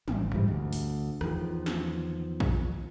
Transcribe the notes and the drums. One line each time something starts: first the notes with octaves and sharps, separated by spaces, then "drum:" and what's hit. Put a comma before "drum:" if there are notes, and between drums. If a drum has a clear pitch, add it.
A1, drum: tom
G#2 E3 G3
D2
drum: open hi-hat
E2 D#3 F3, drum: rim click
drum: snare
drum: kick